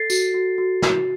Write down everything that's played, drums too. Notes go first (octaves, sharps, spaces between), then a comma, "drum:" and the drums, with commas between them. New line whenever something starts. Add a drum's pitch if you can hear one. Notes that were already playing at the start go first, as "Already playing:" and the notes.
Already playing: A4 A6 C7
F#4, drum: tambourine
F#4
F#4
F#4, drum: snare